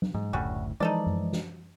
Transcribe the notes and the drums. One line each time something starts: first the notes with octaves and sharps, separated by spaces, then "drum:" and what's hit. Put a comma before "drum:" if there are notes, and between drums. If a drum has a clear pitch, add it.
drum: tom F#3
G#2
F#1 D2 A2 G3 C#4 F#4
E3 F3 G#3 D#4 A4 D5
drum: tom F#2
drum: snare